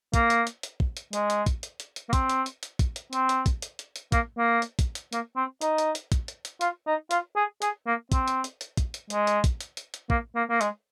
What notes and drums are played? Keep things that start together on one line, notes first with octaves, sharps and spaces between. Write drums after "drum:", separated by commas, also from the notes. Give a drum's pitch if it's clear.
A#3, drum: kick, hi-hat
drum: hi-hat
drum: hi-hat
drum: hi-hat
drum: kick
drum: hi-hat
G#3, drum: hi-hat
drum: hi-hat
drum: kick, hi-hat
drum: hi-hat
drum: hi-hat
drum: hi-hat
A#3
C4, drum: kick, hi-hat
drum: hi-hat
drum: hi-hat
drum: hi-hat
drum: kick, hi-hat
drum: hi-hat
C4, drum: hi-hat
drum: hi-hat
drum: kick, hi-hat
drum: hi-hat
drum: hi-hat
drum: hi-hat
A#3, drum: kick, hi-hat
A#3
drum: hi-hat
drum: kick, hi-hat
drum: hi-hat
A#3, drum: hi-hat
C4
D#4, drum: hi-hat
drum: hi-hat
drum: hi-hat
drum: kick, hi-hat
drum: hi-hat
drum: hi-hat
F4, drum: hi-hat
D#4
F4, drum: hi-hat
G#4
G#4, drum: hi-hat
A#3
C4, drum: kick, hi-hat
drum: hi-hat
drum: hi-hat
drum: hi-hat
drum: kick, hi-hat
drum: hi-hat
G#3, drum: hi-hat
drum: hi-hat
drum: kick, hi-hat
drum: hi-hat
drum: hi-hat
drum: hi-hat
A#3, drum: kick
A#3
A#3
G#3, drum: hi-hat